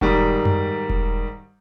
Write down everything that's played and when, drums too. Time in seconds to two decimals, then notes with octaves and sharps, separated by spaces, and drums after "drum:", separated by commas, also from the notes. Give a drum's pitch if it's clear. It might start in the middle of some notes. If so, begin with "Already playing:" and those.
0.01 G#2 D#3 G3, drum: kick E1
0.45 drum: tom F#2
0.89 drum: kick E1